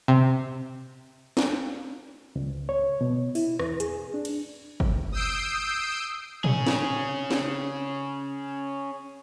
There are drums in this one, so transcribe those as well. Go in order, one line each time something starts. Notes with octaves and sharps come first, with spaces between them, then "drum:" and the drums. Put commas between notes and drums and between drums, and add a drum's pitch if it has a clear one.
C3
drum: snare
C#2
C#5
B2
E4, drum: open hi-hat
E2, drum: rim click
G#4, drum: hi-hat
D4
drum: cymbal
drum: kick
D#6 E6 G6 C7 D7
C#4 G#4, drum: tom
drum: snare
drum: snare